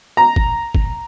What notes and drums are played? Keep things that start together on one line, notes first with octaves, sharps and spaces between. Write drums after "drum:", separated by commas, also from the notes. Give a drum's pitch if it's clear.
A#5
drum: kick
drum: kick